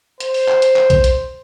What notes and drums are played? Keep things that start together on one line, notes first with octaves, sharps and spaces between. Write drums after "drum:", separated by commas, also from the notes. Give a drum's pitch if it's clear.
C5, drum: hi-hat
drum: open hi-hat
drum: clap
drum: hi-hat
drum: clap
drum: kick B1, hi-hat
drum: hi-hat